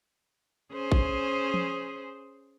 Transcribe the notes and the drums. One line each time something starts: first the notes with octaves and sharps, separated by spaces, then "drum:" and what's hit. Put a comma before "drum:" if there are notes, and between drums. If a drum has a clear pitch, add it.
C#4 G#4 C5
drum: kick A1
drum: tom F3